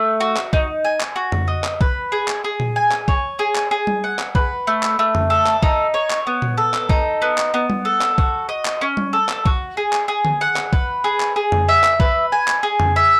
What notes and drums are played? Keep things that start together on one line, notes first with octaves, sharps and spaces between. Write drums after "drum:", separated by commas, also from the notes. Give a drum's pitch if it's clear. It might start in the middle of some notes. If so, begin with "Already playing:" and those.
Already playing: A3
F#4
drum: clap
D#4, drum: kick B1
G#5
drum: clap
F#4
drum: tom F2
D#5
drum: clap
B4, drum: kick B1
G#4
drum: clap
G#4
drum: tom A#2
G#5
drum: clap
C#5, drum: kick B1
G#4
drum: clap
G#4
drum: tom G3
F#5
drum: clap
B4, drum: kick B1
A3
drum: clap
A3
drum: tom F2
A4
drum: clap
D#4, drum: kick B1
C#5
drum: clap
B3
drum: tom A#2
A4
drum: clap
D#4, drum: kick B1
B3
drum: clap
B3
drum: tom G3
A4
drum: clap
F#4, drum: kick B1
D#5
drum: clap
C#4
drum: tom G3
A4
drum: clap
F#4, drum: kick B1
G#4
drum: clap
G#4
drum: tom D3
F#5
drum: clap
B4, drum: kick B1
G#4
drum: clap
G#4
drum: tom F2
E5
drum: clap
B4, drum: kick B1
G#5
drum: clap
G#4
drum: tom F2
E5